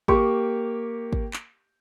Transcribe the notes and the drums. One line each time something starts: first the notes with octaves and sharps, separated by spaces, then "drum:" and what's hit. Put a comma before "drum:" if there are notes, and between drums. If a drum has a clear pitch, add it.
A#3 G4 C#6, drum: kick
drum: kick
drum: clap